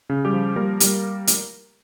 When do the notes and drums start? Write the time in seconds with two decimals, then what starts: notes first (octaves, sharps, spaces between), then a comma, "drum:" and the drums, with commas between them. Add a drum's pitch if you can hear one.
0.10 C#3
0.25 G3 G4
0.33 F3
0.56 G3 A#3 A#4
0.80 G3, drum: hi-hat
1.27 drum: hi-hat